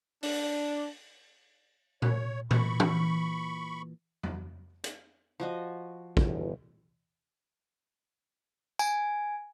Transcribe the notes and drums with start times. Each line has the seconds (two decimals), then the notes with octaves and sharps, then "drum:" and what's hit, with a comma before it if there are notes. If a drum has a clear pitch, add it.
0.23 D4, drum: open hi-hat
2.02 C#5, drum: tom A#2
2.51 A#2 E3 B5 C#6, drum: tom A#2
2.80 drum: tom
4.23 drum: tom F2
4.84 drum: hi-hat
5.40 F3 F#4 D#5
6.17 G1 E2 B2, drum: kick
8.79 G#5, drum: tambourine